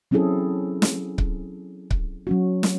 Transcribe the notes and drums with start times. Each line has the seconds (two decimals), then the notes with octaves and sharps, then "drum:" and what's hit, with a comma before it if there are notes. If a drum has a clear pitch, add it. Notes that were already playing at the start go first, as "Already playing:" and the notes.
0.11 F#3 C4 C#4 E4 G#4 A4
0.82 drum: snare
1.18 drum: kick C#1
1.91 drum: kick C#1
2.27 F#3 C#4 F#4
2.63 drum: snare